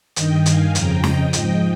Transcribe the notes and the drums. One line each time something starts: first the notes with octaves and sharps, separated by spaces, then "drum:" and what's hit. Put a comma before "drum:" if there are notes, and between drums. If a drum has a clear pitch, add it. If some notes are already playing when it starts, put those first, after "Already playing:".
G2 D#3 D#5 G5, drum: hi-hat
F5 G#5, drum: hi-hat
F2 C#3 F3 G5 A#5, drum: hi-hat
D#5 G5, drum: snare
G#2 F3 D#5 G5, drum: hi-hat